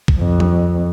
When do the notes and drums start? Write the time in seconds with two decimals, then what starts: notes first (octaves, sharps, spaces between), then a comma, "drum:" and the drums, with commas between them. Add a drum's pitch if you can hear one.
0.08 drum: kick
0.18 F2
0.40 drum: tom F3